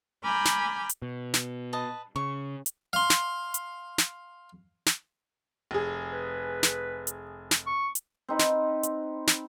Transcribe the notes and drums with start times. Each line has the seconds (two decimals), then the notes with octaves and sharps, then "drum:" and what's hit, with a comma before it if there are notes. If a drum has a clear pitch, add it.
0.23 G#5 A#5 B5 D6 F6 G6
0.45 drum: snare
0.89 drum: hi-hat
1.02 B2
1.34 drum: snare
1.73 B4 D#5 A5
2.16 C#3 C#6
2.66 drum: hi-hat
2.93 F5 C6
3.10 drum: snare
3.54 drum: hi-hat
3.98 drum: snare
4.86 drum: snare
5.71 F1 G#4
6.13 B4
6.63 drum: snare
7.07 drum: hi-hat
7.51 drum: snare
7.67 C#6
7.95 drum: hi-hat
8.28 C4 D#4 B4
8.39 drum: snare
8.83 drum: hi-hat
9.27 drum: snare